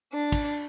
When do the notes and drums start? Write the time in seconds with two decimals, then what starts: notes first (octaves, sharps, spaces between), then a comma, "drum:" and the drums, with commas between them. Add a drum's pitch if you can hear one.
0.12 D4
0.32 drum: kick, cymbal